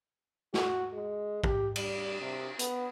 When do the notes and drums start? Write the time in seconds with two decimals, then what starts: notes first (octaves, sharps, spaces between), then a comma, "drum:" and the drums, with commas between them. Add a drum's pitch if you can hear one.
0.54 F#4, drum: snare
0.94 G#3
1.44 G4, drum: kick
1.76 G3, drum: cymbal
2.21 C3
2.59 B3, drum: hi-hat